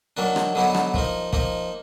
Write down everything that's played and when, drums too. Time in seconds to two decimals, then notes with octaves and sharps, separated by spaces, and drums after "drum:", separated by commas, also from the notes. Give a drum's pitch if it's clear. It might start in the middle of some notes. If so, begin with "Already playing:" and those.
0.17 D#3 F#3 A#3 D4
0.36 drum: rim click
0.55 D3 F#3 B3 D#4
0.75 drum: rim click
0.94 F3 A#3 D#4, drum: kick
1.33 F3 A#3 D#4, drum: kick